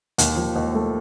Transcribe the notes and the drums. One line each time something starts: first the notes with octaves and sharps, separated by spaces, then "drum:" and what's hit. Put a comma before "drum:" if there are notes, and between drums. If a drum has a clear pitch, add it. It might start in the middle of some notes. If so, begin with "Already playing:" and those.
D#2, drum: hi-hat
F3
D#2
A3